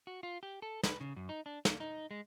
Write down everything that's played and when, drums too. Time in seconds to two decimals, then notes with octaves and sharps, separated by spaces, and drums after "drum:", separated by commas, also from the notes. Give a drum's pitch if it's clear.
0.07 F#4
0.23 F4
0.43 G4
0.62 A4
0.83 B4, drum: snare
1.00 C#3
1.16 F#2
1.29 D#4
1.46 D4
1.65 A#3, drum: snare
1.80 D#4
2.11 G#3